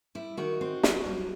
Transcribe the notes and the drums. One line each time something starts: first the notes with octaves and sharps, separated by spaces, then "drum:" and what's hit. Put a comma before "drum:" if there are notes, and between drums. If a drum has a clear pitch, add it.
G3 E4
D#3 F#4
C4
F#3, drum: snare
G3